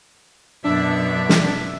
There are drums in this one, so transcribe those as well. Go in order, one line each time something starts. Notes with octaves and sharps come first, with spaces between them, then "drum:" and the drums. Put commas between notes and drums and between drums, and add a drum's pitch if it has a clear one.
F#2 B2 D4 E5
drum: snare